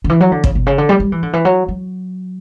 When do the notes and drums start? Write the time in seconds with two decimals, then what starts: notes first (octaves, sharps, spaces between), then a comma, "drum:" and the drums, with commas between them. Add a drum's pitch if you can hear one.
0.04 D3
0.09 E3
0.20 F#3
0.32 D3
0.44 C#3, drum: kick
0.55 B2
0.66 C#3
0.78 D3
0.89 G3
1.00 G3
1.12 E3
1.23 D3
1.33 E3
1.45 F#3
1.68 F#3